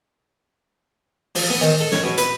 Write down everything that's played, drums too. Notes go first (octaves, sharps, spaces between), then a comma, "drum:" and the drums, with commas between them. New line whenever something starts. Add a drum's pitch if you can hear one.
F3, drum: open hi-hat
B3
D#3
A4
C#5, drum: snare
B2
B4, drum: hi-hat